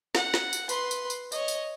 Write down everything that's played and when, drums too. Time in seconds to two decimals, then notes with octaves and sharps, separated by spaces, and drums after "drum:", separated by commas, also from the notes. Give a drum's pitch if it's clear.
0.15 F#5, drum: snare
0.34 drum: snare
0.53 drum: tambourine
0.69 B4 C6, drum: tambourine
0.91 drum: tambourine
1.10 drum: tambourine
1.32 C#5 D#5, drum: tambourine
1.48 drum: tambourine